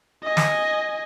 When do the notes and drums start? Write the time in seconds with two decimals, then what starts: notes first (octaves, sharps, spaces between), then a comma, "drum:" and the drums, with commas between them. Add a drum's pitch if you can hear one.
0.23 D#5 G#5
0.37 drum: snare